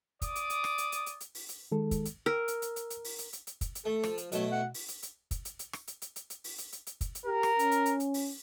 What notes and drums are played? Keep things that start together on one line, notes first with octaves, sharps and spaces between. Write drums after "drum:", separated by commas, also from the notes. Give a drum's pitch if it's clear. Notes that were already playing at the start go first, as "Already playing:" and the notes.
D5 D6 D#6, drum: kick, hi-hat
drum: hi-hat
drum: hi-hat
drum: rim click
drum: hi-hat
drum: hi-hat
drum: hi-hat
drum: hi-hat
drum: open hi-hat
drum: hi-hat
D#3 G#3 A4
drum: kick, hi-hat
drum: hi-hat
A#4 E6
drum: hi-hat
drum: hi-hat
drum: hi-hat
drum: hi-hat
drum: open hi-hat
drum: hi-hat
drum: hi-hat
drum: hi-hat
drum: kick, hi-hat
drum: hi-hat
A3 A4
F3, drum: rim click
drum: hi-hat
B2 F#3 A3 E4, drum: hi-hat
F#5
drum: open hi-hat
drum: hi-hat
drum: hi-hat
drum: kick, hi-hat
drum: hi-hat
drum: hi-hat
drum: rim click
drum: hi-hat
drum: hi-hat
drum: hi-hat
drum: hi-hat
drum: open hi-hat
drum: hi-hat
drum: hi-hat
drum: hi-hat
drum: kick, hi-hat
drum: hi-hat
G4 A#4
drum: rim click
C#4, drum: hi-hat
drum: hi-hat
drum: hi-hat
drum: hi-hat
drum: open hi-hat